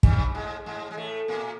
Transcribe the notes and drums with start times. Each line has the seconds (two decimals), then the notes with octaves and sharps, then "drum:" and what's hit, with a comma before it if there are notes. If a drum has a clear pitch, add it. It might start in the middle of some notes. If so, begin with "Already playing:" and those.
0.03 G2 G3, drum: kick
0.35 G#2 G#3
0.66 G#2 G#3
0.91 G#3
0.97 A2 A3
1.28 A#2 A#3